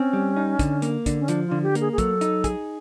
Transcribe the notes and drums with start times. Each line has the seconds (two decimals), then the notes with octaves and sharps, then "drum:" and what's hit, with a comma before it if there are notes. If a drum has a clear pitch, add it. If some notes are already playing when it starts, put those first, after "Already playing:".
Already playing: C4 C#4
0.13 G3
0.37 D#4
0.59 D3, drum: kick, hi-hat
0.82 A#3, drum: hi-hat
1.06 D3, drum: kick, hi-hat
1.20 C#4
1.28 F3 D4, drum: hi-hat
1.47 D3 F4
1.63 G4
1.75 A#3, drum: hi-hat
1.81 G#4
1.92 G#4
1.98 F#3 A4, drum: kick, hi-hat
2.21 D#4, drum: hi-hat
2.44 G#4, drum: kick, hi-hat